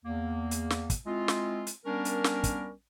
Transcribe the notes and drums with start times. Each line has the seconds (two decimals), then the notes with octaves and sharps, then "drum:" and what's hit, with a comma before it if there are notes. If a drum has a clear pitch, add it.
0.05 E2 A#3
0.51 drum: hi-hat
0.70 drum: snare
0.90 drum: kick, hi-hat
1.06 G#3 C4 E4 F4
1.28 drum: snare
1.67 drum: hi-hat
1.86 G3 B3 C#4 D4 A#4
2.05 drum: hi-hat
2.24 drum: snare
2.44 drum: kick, hi-hat